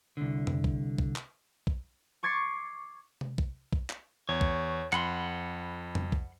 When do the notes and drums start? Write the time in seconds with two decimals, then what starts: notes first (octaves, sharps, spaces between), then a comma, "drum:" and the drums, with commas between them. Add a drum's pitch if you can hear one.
0.17 C2 D3
0.47 drum: tom F2
0.64 drum: kick A#1
0.98 drum: kick A#1
1.16 drum: clap
1.67 drum: kick A#1
2.23 C#6 D6 G#6 A6 C7 C#7
3.21 drum: tom C3
3.38 drum: kick A#1
3.73 drum: kick A#1
3.90 drum: clap
4.29 E2 C#5
4.41 drum: kick A#1
4.92 F2 F#5 B5 C6, drum: clap
5.95 drum: tom F2
6.12 drum: kick A#1